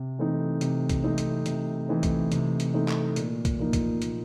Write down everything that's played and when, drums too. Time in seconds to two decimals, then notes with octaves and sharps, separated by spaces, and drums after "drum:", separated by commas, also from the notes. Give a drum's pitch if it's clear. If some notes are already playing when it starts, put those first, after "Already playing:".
Already playing: C3
0.19 E3 A3 C4 D#4
0.61 C3, drum: hi-hat
0.89 drum: kick B1, hi-hat
1.04 E3 A3 C4 D#4
1.18 drum: hi-hat
1.46 C3, drum: hi-hat
1.89 E3 A3 C4 D#4
2.03 drum: kick B1, hi-hat
2.32 C3, drum: hi-hat
2.60 drum: hi-hat
2.74 E3 A3 C4 D#4
2.88 drum: clap
3.16 A#2, drum: hi-hat
3.45 drum: kick B1, hi-hat
3.59 F3 A#3 D#4
3.73 drum: kick B1, hi-hat
4.02 A#2, drum: hi-hat